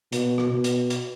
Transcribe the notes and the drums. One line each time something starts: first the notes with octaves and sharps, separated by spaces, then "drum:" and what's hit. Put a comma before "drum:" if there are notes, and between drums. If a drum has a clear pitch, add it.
B2, drum: hi-hat
drum: rim click
B2
drum: hi-hat
drum: hi-hat